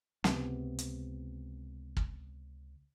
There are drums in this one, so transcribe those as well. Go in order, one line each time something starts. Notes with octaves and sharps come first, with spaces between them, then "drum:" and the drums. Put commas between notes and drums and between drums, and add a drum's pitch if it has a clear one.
C#2 C3 G3 B3, drum: snare
drum: hi-hat
drum: kick